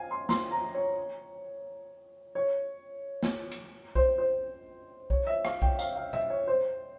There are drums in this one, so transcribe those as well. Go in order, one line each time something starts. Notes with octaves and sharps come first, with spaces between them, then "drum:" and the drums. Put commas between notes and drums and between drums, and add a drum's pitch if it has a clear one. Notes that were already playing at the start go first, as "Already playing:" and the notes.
Already playing: F5 G#5
C6
C6, drum: snare
A#5
C#5
C#5
drum: snare
drum: hi-hat
C5, drum: kick B1
C5
C#5, drum: kick B1
E5
F5, drum: rim click
G5, drum: kick B1
F5, drum: tambourine
F5
E5, drum: tom A#2
C#5
C5